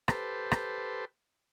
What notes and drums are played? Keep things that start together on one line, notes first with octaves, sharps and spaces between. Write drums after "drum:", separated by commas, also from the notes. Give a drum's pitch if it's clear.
G4 A4 B4 C5, drum: rim click
drum: rim click